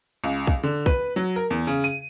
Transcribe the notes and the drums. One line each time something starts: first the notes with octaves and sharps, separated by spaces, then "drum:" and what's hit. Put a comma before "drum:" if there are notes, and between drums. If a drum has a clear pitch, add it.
C#2
drum: kick
D3
B4, drum: kick
F#3
A#4
E2
C#3
D#7